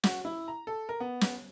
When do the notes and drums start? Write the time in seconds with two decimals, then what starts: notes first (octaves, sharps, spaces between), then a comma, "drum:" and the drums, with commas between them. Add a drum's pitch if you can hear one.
0.04 F#4, drum: snare
0.25 E4
0.48 A#5
0.67 A4
0.89 A#4
1.00 B3
1.21 drum: snare